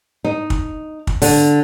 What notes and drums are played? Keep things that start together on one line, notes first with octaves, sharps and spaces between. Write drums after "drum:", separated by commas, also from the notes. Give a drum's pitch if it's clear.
D#4
drum: kick
drum: kick
D3, drum: open hi-hat